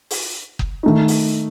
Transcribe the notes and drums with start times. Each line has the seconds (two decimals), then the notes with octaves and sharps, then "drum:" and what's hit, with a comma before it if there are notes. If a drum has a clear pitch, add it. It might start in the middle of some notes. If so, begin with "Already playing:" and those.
0.11 drum: open hi-hat
0.59 drum: kick F#1
0.83 D#3 A3 D#4
1.08 drum: open hi-hat